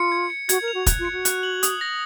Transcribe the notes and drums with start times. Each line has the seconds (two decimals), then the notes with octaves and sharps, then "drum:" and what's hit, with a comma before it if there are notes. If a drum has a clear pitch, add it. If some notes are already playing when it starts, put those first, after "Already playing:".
Already playing: F4 C#7
0.12 G#6
0.30 C#7
0.49 F#4 G#6, drum: hi-hat
0.62 A#4
0.68 F7
0.74 F#4
0.86 F#6, drum: kick, hi-hat
0.99 F4
1.05 C#7
1.12 F#4
1.25 F#6, drum: hi-hat
1.43 F#7
1.63 D#6, drum: hi-hat
1.81 A#6